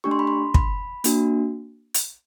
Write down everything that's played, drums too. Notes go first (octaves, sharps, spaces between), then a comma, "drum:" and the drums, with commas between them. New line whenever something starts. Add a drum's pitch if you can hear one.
A3 D4 G4 C#6
C6
B5
C6
B5, drum: kick
A#3 D4 F#4, drum: hi-hat
drum: hi-hat